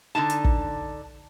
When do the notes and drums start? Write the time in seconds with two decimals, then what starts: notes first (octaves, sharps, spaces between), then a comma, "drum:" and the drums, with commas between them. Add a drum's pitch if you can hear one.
0.15 D3 D4 D#4 A5
0.30 drum: hi-hat
0.44 drum: kick